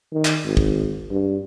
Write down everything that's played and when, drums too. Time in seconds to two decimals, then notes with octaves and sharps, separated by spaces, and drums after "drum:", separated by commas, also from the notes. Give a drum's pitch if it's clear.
0.13 D#3
0.25 drum: clap
0.44 G#1
0.57 drum: kick
1.11 G2